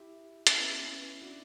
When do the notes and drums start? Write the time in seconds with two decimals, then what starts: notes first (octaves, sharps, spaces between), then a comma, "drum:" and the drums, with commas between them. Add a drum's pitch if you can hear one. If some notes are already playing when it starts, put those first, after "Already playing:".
Already playing: E4 G4
0.47 C#4 E4, drum: hi-hat
0.57 B3
0.80 C#4 E4
1.21 D4 F#4